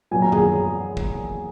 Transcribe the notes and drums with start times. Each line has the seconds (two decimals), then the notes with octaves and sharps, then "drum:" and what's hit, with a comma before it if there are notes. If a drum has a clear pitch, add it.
0.11 A#2 F#3 G#5
0.22 A#5
0.32 G#4 G#5, drum: tom F#2
0.97 drum: kick